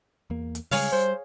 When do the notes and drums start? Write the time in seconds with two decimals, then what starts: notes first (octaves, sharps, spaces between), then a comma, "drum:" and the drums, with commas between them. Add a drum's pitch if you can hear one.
0.30 E2 A#3
0.55 drum: hi-hat
0.71 C#3 G3 G#3 G#4 C#5 F5, drum: open hi-hat
0.92 G3 C5